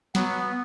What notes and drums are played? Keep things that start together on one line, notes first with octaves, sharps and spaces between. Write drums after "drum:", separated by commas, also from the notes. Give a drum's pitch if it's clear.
F#3 B3, drum: snare